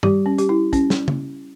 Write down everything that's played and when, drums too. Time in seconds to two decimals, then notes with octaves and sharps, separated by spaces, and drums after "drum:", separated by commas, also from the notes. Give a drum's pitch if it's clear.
0.03 G3 G4, drum: tom
0.26 C#4
0.38 G4, drum: hi-hat
0.49 E4
0.73 C#4, drum: kick, hi-hat
0.90 drum: snare
1.08 drum: tom